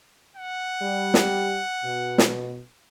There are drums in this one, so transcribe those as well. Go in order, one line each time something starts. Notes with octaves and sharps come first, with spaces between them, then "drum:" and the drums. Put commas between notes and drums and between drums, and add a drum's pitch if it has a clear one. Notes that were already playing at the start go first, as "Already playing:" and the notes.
F#5
G3
drum: snare
B2
drum: snare